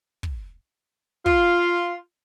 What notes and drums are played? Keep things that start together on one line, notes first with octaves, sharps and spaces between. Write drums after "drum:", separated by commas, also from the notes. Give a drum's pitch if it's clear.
drum: kick
F4, drum: kick